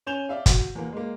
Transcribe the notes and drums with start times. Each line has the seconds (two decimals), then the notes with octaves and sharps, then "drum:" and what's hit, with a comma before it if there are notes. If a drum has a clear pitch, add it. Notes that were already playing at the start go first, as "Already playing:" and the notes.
0.07 C#4 G#5 G6 E7 F7 G7
0.29 D5 E5 F5
0.46 F#4, drum: kick G1, hi-hat
0.75 E2 A#3
0.92 G#3 A#3